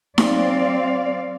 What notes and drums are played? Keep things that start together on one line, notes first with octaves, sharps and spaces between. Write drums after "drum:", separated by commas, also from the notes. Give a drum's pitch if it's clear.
F#3 C4 D5 F5, drum: snare D#4